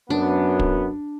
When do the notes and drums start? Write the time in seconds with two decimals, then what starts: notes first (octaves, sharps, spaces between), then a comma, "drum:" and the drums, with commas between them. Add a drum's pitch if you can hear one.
0.10 F#2 B3 D4
0.59 drum: kick